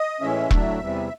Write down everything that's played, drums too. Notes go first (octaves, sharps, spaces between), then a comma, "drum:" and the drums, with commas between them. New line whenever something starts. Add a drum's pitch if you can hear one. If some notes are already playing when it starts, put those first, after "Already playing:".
Already playing: D#5
A2 E3 G#3 C#4 E5
A2 F#3 A3 D4, drum: kick E1
E2 C3 E3 G3